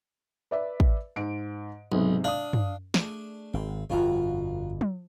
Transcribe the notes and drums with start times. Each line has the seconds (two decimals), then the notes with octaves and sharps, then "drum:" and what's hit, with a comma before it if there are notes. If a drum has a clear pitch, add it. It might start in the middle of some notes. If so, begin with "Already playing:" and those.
0.51 B4 D5 E5
0.80 drum: kick
1.16 G#2 D7
1.92 B1 G#2 C3 G#3
2.24 D4 F5 D#6
2.53 drum: tom
2.94 A3 D4 G#4, drum: snare
3.54 G#1 C4
3.90 G1 F2 B2 F4 F#4 A#5
4.81 drum: tom